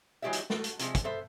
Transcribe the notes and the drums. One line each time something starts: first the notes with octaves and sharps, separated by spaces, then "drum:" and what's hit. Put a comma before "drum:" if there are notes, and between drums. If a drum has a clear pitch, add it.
E3 F#3 G#3 G4 D#5 E5
drum: hi-hat
A3 F#4, drum: snare
drum: hi-hat
C3 F3 G#3, drum: hi-hat
drum: kick, hi-hat
B3 A4 C5 E5